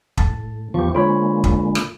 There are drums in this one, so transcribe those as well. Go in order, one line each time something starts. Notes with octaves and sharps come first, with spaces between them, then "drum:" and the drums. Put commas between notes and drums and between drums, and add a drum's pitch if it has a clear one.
A2 A5, drum: kick
E2 F3 B3 G4 C#6
D3 G#3 A#3 F4 C5 C#5 B5
drum: kick
drum: rim click